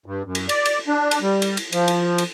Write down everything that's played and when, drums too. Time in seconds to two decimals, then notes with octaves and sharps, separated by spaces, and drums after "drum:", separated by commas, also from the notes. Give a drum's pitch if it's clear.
0.06 G2
0.25 F#2
0.35 drum: cymbal
0.49 D5, drum: cymbal
0.65 drum: cymbal
0.88 D4
1.11 drum: cymbal
1.22 G3
1.42 drum: cymbal
1.57 drum: cymbal
1.72 F3, drum: cymbal
1.88 drum: cymbal
2.18 drum: cymbal